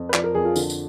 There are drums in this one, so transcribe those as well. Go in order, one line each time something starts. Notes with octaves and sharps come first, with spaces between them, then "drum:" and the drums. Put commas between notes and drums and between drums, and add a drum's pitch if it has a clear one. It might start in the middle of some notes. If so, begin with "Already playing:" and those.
Already playing: F2
B4
F3 D5, drum: clap
A#4
F2 G#4
F4
D3, drum: tambourine
drum: tambourine